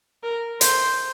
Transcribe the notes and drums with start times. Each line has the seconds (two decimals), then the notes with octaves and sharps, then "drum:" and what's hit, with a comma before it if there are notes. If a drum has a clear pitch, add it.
0.23 A#4
0.61 C5, drum: hi-hat